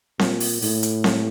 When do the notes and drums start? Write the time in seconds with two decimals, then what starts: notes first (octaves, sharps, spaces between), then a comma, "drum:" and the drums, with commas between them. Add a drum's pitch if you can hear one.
0.19 A#2, drum: snare C4
0.40 drum: open hi-hat
0.62 A2, drum: open hi-hat
0.83 drum: hi-hat
1.04 drum: snare C4